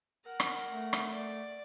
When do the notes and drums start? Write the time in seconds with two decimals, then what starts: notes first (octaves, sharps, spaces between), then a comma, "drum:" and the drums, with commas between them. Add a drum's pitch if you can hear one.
0.24 A#4 F#5
0.40 drum: rim click
0.69 A3
0.93 drum: rim click
1.10 D5